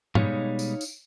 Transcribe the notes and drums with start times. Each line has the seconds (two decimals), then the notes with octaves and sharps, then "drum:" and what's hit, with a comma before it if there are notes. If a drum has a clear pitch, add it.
0.15 B2 G3 G#3 D#4 C#5 F5, drum: tom
0.59 drum: tambourine
0.81 drum: tambourine